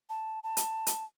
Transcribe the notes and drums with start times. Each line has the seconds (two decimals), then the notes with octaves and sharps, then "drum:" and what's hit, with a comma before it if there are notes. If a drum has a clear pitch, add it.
0.09 A5
0.43 A5
0.57 drum: hi-hat
0.87 drum: hi-hat